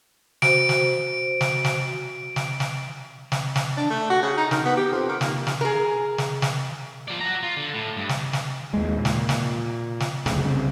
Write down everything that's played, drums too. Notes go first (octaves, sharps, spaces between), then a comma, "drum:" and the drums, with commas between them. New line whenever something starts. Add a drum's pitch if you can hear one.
F#4 C5 D7, drum: snare
drum: snare
drum: snare
drum: snare
drum: snare
drum: snare
drum: snare
drum: snare
D4
A3
F#4
C#3
D#4
D#3, drum: snare
B3
G4
F2
D#3
A#3, drum: snare
drum: snare
G#4 A#4
drum: snare
drum: snare
F3 D5
F#4 A#5
F4
D3
A2
G2
drum: snare
drum: snare
D#2 G#3
A#2
drum: snare
drum: snare
drum: snare
F#1 D2 C#3, drum: snare
C2 C#3